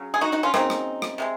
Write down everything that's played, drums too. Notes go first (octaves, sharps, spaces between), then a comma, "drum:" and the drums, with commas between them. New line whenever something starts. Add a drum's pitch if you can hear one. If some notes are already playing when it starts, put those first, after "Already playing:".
Already playing: C#3 F#3
G#4
D#4 F#4
D#4 F#4
C#4 F4
C#3 F#3 A#3 C4 D#4, drum: rim click
drum: rim click
drum: rim click
C3 F3 G#3